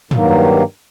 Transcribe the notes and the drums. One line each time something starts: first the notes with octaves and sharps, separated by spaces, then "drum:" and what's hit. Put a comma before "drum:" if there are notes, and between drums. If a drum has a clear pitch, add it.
G2 D#3 F#3 A#3, drum: tom